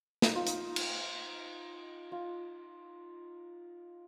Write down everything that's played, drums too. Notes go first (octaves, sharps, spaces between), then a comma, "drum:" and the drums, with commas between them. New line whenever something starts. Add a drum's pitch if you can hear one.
D#4, drum: snare
F4
D#4, drum: hi-hat
drum: cymbal
F4